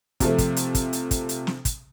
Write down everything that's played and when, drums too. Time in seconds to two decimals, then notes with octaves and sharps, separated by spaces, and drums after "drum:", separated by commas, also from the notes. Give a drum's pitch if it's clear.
0.20 C3 F3 A3, drum: kick, hi-hat
0.38 drum: kick, hi-hat
0.56 drum: hi-hat
0.75 drum: kick, hi-hat
0.93 drum: hi-hat
1.11 drum: kick, hi-hat
1.29 drum: hi-hat
1.47 drum: snare
1.65 drum: kick, hi-hat